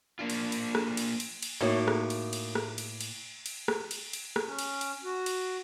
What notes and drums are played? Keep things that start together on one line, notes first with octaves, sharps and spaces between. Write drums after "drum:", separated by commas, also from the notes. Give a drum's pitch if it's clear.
A#3 D4 F4
drum: cymbal
drum: cymbal
drum: rim click
drum: cymbal
drum: cymbal
drum: cymbal
A2 A#3 D#4 F#4 C#5
drum: rim click
drum: cymbal
drum: cymbal
drum: rim click
drum: cymbal
drum: cymbal
drum: cymbal
drum: rim click
drum: cymbal
drum: cymbal
drum: rim click
C#4
drum: cymbal
drum: cymbal
F#4
drum: cymbal